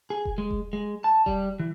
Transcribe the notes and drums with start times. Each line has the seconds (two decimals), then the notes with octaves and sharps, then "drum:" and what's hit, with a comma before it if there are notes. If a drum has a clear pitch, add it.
0.10 G#4
0.25 drum: kick E1
0.38 G#3
0.51 drum: kick E1
0.73 G#3
1.04 A5
1.26 G3, drum: kick E1
1.60 E3